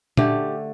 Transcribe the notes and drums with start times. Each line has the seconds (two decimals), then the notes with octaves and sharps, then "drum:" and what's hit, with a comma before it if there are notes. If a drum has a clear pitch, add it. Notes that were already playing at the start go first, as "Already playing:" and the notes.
0.17 D3 A3 G4, drum: tom